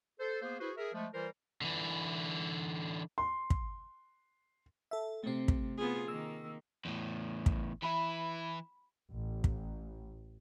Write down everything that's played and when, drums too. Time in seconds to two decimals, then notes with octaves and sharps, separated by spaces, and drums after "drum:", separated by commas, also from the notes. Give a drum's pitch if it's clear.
0.20 A4 C5
0.42 A#3 B3 G#4 C5
0.60 E4 F#4 G#4 B4 C5
0.77 G#4 A#4 E5
0.94 F3 G#3 A3
1.14 E3 G3 F4 A#4 C5
1.61 D3 E3
3.18 C6
3.50 drum: kick
4.91 A4 E5
5.24 C3 A3 C4
5.48 drum: kick
5.78 B3 F4 G#4
6.08 D#3 A#3 E6
6.85 E2 A2
7.46 drum: kick
7.83 E3 E4 B5
9.13 A1
9.44 drum: kick